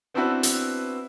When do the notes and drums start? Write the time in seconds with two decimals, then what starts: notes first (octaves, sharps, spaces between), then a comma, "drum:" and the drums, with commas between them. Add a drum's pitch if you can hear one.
0.14 B3 C4 D4 E4 F#4 B4
0.43 drum: hi-hat